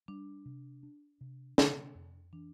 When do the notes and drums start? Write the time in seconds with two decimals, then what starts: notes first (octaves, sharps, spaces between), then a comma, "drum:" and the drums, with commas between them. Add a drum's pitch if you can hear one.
0.08 G3 D4
0.46 C3
0.83 D4
1.21 C3
1.58 C3, drum: snare
1.95 F2
2.33 E3 D4